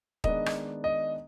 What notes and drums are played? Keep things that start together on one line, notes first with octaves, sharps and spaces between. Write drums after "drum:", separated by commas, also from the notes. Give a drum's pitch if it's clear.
D#3 G#3 B3 D4 D#5, drum: kick D#1
drum: rim click
D#5